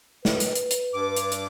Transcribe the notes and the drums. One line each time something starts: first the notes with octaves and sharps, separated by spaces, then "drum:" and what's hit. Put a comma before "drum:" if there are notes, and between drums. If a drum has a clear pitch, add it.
B4, drum: snare
drum: hi-hat
drum: hi-hat
drum: hi-hat
G2 D6
drum: hi-hat
drum: hi-hat